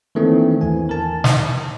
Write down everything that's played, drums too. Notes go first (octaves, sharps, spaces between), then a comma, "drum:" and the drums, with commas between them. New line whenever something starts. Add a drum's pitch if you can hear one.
D#3 E3 A3 A#3 C4 D4
E2 E3 G#5
A#4 A5
drum: snare